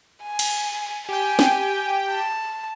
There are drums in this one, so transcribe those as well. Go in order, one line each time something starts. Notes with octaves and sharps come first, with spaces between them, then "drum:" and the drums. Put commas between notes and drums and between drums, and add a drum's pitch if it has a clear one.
G#5
drum: cymbal
G4 G5 G#5
drum: snare
A5